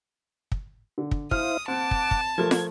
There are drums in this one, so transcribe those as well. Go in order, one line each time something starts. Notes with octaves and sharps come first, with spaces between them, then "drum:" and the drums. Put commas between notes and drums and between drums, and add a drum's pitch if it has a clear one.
drum: kick
D3
drum: kick
E4 C5 F5 D#6 F6, drum: kick
C4 F#5 A5 D6
drum: kick
drum: kick
F3 A3 A#4 G#6
drum: snare